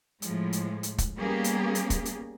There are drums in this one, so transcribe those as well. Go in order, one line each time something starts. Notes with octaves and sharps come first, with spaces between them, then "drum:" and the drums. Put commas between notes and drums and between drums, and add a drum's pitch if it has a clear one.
A2 F3 G#3, drum: hi-hat
drum: hi-hat
drum: hi-hat
drum: kick, hi-hat
G3 A#3 B3 C#4 G4 G#4
drum: hi-hat
drum: hi-hat
drum: kick, hi-hat
drum: hi-hat